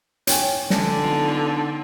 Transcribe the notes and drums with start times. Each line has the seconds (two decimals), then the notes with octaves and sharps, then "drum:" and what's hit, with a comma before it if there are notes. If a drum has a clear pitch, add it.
0.27 C#5 G5 G#5, drum: hi-hat
0.70 F2 D3 C#4 D4, drum: snare
1.00 B3 D#4 F4